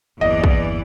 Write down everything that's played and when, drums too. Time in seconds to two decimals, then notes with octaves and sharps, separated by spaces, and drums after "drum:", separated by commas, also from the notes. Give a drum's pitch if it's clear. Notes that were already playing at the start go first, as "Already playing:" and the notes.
0.21 G1 E2 E3 A#3 D5 D#5
0.44 drum: kick